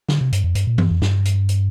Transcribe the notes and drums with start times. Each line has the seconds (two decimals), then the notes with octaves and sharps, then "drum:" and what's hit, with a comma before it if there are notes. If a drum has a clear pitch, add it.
0.09 D3, drum: snare
0.21 C3
0.33 G2, drum: hi-hat
0.44 F2
0.55 G2, drum: hi-hat
0.67 A#2
0.78 G2, drum: tom E3
0.91 F2
1.02 G2, drum: snare
1.25 drum: hi-hat
1.49 drum: hi-hat